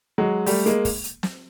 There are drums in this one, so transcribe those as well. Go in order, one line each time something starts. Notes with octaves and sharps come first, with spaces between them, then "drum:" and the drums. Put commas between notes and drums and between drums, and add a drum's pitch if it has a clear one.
F#3 G#3
G3 A3, drum: open hi-hat
G#3 A#3, drum: hi-hat
drum: kick, open hi-hat
drum: hi-hat
drum: snare